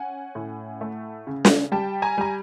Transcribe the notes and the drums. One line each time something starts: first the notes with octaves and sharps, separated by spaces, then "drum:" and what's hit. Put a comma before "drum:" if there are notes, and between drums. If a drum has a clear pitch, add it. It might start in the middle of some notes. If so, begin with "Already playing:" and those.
Already playing: C#4 F#5 G#5
A2
A3
C#3
drum: snare
G3 G5 A5
G#5 A#5
G3 A#5